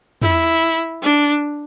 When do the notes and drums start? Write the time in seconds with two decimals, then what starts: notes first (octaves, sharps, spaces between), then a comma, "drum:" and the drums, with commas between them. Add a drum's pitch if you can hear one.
0.22 E4, drum: tom
1.02 D4